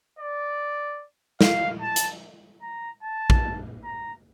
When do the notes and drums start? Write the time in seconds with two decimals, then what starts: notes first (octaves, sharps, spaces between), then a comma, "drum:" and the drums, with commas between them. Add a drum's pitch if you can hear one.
0.19 D5
1.41 F5, drum: snare
1.81 A5
1.96 drum: hi-hat
2.62 A#5
3.03 A5
3.30 drum: kick
3.84 A#5